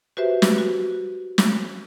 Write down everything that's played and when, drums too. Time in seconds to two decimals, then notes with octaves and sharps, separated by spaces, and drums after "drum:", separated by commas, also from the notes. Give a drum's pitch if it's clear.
0.17 F#4 G4 B4 C5 E5
0.42 drum: snare
0.58 F#4
1.38 drum: snare